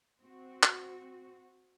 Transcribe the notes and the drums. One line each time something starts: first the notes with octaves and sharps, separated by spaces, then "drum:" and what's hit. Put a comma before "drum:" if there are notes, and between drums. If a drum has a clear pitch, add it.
C4 F#4
drum: clap